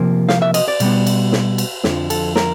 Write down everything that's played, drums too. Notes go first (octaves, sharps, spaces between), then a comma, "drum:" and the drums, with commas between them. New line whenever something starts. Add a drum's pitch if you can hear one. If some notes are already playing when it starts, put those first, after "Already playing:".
Already playing: C3 F3 A#3
F5, drum: snare
E5
D#5, drum: cymbal
D5
B2 G3 B3, drum: cymbal
drum: cymbal
drum: snare
drum: cymbal
F2 D3 F3, drum: snare
A4, drum: cymbal
A#4, drum: snare